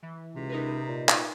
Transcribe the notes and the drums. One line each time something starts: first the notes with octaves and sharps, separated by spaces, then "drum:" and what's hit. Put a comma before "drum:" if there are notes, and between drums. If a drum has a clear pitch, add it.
E3
C#2 C3
D#4 A#4 B4
A#2
drum: clap